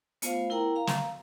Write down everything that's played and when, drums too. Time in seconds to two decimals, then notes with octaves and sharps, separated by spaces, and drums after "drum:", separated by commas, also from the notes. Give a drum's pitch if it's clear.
0.22 A3 B3 F4 C5 F5, drum: hi-hat
0.50 E4 A#4 F#5 G5 A#5
0.76 F5 A#5
0.87 drum: snare